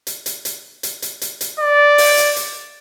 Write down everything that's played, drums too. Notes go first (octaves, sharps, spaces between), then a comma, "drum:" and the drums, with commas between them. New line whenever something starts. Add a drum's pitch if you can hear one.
drum: hi-hat
drum: hi-hat
drum: hi-hat
drum: hi-hat
drum: hi-hat
drum: hi-hat
drum: hi-hat
D5
drum: open hi-hat
drum: hi-hat
drum: hi-hat